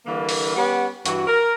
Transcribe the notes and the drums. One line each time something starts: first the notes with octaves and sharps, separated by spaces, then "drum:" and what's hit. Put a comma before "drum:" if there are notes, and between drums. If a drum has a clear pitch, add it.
D3 E3 G3 A#3
drum: open hi-hat
G3 B3 C#4 G4 F#5
G2 E3 F#4, drum: hi-hat
A#4